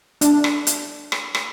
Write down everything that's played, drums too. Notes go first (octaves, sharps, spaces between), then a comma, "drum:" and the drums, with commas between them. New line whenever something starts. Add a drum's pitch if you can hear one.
D4, drum: hi-hat
drum: rim click
drum: hi-hat
drum: rim click
drum: rim click